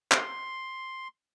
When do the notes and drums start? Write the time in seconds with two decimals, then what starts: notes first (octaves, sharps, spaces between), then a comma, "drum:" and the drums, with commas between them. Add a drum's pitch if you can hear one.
0.11 C6, drum: clap